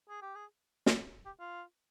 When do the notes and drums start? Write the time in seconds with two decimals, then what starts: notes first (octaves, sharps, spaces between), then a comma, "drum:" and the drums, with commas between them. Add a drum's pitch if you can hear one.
0.09 G#4
0.22 G4
0.35 G#4
0.86 drum: snare
1.26 G4
1.40 F4